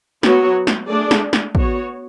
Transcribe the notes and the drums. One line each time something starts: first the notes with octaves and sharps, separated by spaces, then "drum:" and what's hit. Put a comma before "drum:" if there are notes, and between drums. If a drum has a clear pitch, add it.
F#3 B3 F#4 C#5, drum: snare
drum: snare
A3 D4 G#4 D5
drum: snare
drum: snare
B3 F#4 C#5, drum: kick